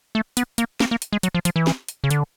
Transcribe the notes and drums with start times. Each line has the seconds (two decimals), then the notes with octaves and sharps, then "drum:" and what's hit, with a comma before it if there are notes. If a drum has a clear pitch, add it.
0.15 A3
0.37 B3, drum: hi-hat
0.58 A#3, drum: hi-hat
0.80 A#3, drum: snare
0.91 A#3
1.02 drum: hi-hat
1.13 G#3
1.23 F#3, drum: hi-hat
1.34 F3
1.45 F3, drum: hi-hat
1.56 E3
1.67 drum: snare
1.88 drum: hi-hat
2.04 C#3
2.10 D3, drum: hi-hat